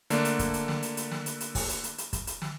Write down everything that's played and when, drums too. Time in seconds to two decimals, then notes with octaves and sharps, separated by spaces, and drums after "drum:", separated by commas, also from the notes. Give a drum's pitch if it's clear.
0.10 D3 A3 A#3 D4, drum: hi-hat
0.25 drum: hi-hat
0.39 drum: kick, hi-hat
0.54 drum: hi-hat
0.68 drum: snare
0.83 drum: hi-hat
0.97 drum: hi-hat
1.11 drum: snare
1.26 drum: hi-hat
1.40 drum: hi-hat
1.55 drum: kick, open hi-hat
1.69 drum: hi-hat
1.84 drum: hi-hat
1.98 drum: hi-hat
2.13 drum: kick, hi-hat
2.27 drum: hi-hat
2.42 drum: snare